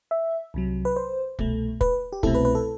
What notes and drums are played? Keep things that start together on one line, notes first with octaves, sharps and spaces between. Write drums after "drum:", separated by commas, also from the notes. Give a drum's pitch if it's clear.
E5
C2 C3 F#3
B4
C5
C2 B2 A3, drum: kick
B4, drum: kick
G4
C2 B2 A3 C4 E4 A4, drum: kick
B4
B4
A4